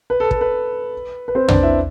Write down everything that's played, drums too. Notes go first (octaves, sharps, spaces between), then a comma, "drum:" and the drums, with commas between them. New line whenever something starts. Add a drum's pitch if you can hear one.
B4
A4
A4, drum: kick
B4
B4
C4 C5
D4 D5, drum: tom
E4 E5